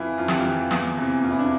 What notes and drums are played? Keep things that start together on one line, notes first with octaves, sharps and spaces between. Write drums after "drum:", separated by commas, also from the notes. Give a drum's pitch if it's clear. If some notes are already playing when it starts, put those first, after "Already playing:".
Already playing: F2 E3 E4 F4
F2 F4
G4, drum: snare
F4
E3
E2, drum: snare
C3 E3
E2 F4
E4
D4